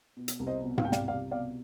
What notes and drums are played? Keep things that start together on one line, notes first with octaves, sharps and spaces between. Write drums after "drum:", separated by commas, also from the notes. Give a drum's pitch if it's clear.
B2
drum: hi-hat
C2
C5 D#5
B2
F5, drum: tom G#2
C2 G5
D5 F5, drum: snare
C2 D5 F5
B2 D5 F5